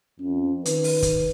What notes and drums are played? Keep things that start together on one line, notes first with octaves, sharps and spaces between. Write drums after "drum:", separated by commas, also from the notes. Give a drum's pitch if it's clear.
F2 C#4
D#3 B4, drum: hi-hat
drum: open hi-hat
drum: kick, hi-hat